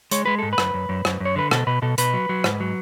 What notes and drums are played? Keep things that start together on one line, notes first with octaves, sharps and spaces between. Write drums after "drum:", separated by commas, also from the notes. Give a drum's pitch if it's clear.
G#3 C#5, drum: hi-hat
G#3 B4
G#2 A4
B4
F#2, drum: rim click
F#2
F#2
F#2, drum: rim click
F#2 C#5
D3 B4
B2 A4, drum: rim click
B2 B4
B2 A4
B2 B4, drum: hi-hat
F#3
F#3
G#2, drum: rim click
F#3